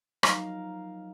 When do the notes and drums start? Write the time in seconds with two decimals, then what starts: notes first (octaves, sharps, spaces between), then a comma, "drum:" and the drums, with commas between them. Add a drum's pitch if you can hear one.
0.23 F3 F#3 D#4 A#4 F5, drum: rim click